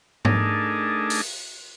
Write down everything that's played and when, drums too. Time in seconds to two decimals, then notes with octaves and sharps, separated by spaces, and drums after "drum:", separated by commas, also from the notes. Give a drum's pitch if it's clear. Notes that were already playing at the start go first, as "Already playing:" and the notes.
0.25 A3 D4 D#4 G#4 A#4, drum: tom G#2
1.10 drum: open hi-hat